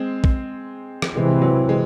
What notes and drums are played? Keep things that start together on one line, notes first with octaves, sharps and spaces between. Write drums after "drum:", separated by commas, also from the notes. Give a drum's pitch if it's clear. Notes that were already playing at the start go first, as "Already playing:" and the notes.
Already playing: G#3 C4
drum: kick
drum: rim click
C3 E3 G#3 C4
F#3
G#3